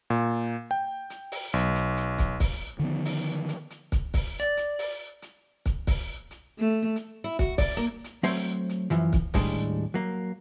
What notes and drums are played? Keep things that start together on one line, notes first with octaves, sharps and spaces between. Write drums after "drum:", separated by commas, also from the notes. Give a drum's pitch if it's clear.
A#2
G5
drum: hi-hat
drum: open hi-hat
B1
drum: hi-hat
drum: hi-hat
drum: kick, hi-hat
drum: kick, open hi-hat
D3 D#3 F3 B3
drum: open hi-hat
drum: hi-hat
drum: hi-hat
drum: kick, hi-hat
drum: kick, open hi-hat
D5
drum: hi-hat
drum: open hi-hat
drum: hi-hat
drum: kick, hi-hat
drum: kick, open hi-hat
drum: hi-hat
A3
drum: hi-hat
E4
F#4, drum: kick, hi-hat
D5, drum: kick, open hi-hat
A#3
drum: hi-hat
F#3 A3 C4 C5 C#5, drum: open hi-hat
drum: hi-hat
F#2 E3 F3, drum: hi-hat
drum: kick, hi-hat
D#2 A2 G3 G#3 D4, drum: kick, open hi-hat
F#3 A#3